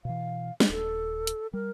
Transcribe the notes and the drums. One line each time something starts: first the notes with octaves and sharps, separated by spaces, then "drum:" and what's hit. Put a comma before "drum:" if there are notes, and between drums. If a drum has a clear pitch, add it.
B2 E3 F5
drum: snare
D#1 A4
drum: hi-hat
G3 A#4